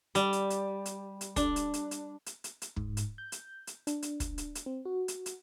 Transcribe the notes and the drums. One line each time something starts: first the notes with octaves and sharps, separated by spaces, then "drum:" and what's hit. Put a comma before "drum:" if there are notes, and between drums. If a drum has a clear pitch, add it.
G3, drum: hi-hat
drum: hi-hat
drum: hi-hat
drum: hi-hat
drum: hi-hat
D4, drum: kick, hi-hat
drum: hi-hat
drum: hi-hat
drum: hi-hat
drum: hi-hat
drum: hi-hat
drum: hi-hat
G#2, drum: kick
drum: hi-hat
G6
drum: hi-hat
drum: hi-hat
D4, drum: hi-hat
drum: hi-hat
drum: kick, hi-hat
drum: hi-hat
drum: hi-hat
C4
F#4
drum: hi-hat
drum: hi-hat